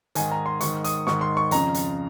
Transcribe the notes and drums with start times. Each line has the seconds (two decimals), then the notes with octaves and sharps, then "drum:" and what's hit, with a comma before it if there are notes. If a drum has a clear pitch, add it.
0.15 G#2 D#3 G#5, drum: hi-hat
0.32 A#5
0.46 C6
0.61 G#2 D#3 C#6, drum: hi-hat
0.84 D#6, drum: hi-hat
1.07 G#2 D#3 C#6, drum: snare
1.21 C6
1.37 C#6
1.51 F2 C#3 A#5, drum: hi-hat
1.74 drum: hi-hat